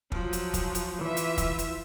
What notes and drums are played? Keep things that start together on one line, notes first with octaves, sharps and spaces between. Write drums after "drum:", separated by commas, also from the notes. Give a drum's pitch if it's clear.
F3 F#3, drum: kick
drum: hi-hat
drum: kick, hi-hat
drum: hi-hat
E3 F4 E5
drum: hi-hat
drum: kick, hi-hat
drum: hi-hat